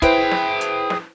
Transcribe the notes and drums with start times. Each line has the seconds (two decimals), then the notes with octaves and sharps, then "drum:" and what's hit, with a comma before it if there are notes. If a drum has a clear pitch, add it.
0.02 E4 G#4 B4 C5 G5, drum: kick, hi-hat
0.31 drum: snare
0.61 drum: hi-hat
0.90 drum: snare